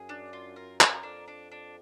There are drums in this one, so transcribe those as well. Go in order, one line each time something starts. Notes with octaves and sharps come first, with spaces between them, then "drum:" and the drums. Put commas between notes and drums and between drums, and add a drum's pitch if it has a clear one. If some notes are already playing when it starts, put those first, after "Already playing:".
Already playing: F#2 G#4
D4
F4
A#4
A#4, drum: clap
F2 D4
D4
D4